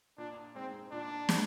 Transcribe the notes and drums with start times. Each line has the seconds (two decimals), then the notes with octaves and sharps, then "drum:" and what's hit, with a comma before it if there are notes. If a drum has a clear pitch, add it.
0.18 A#2 D4
0.55 G#3 C4 D#4
0.92 A#2 D4
1.29 G#3, drum: snare